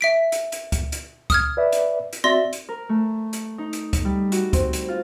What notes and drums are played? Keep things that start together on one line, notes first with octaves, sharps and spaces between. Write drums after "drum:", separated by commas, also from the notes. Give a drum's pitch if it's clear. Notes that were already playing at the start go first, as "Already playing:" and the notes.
E5 B6 D7
drum: hi-hat
drum: hi-hat
drum: kick C#2, hi-hat
drum: hi-hat
D#6 F6 G#6, drum: kick C#2, hi-hat
B4 D5 E5
drum: hi-hat
drum: hi-hat
C4 F#4 D5 E5 C6 A#6
drum: hi-hat
A#4
A3
drum: hi-hat
D#4
drum: hi-hat
drum: kick C#2, hi-hat
G3
F#4, drum: hi-hat
C4, drum: kick C#2, hi-hat
drum: hi-hat
F4